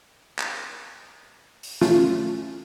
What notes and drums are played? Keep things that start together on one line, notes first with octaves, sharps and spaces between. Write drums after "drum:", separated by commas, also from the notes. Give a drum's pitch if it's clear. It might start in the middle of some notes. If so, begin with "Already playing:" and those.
drum: clap
drum: open hi-hat
A3 C#4 F4, drum: snare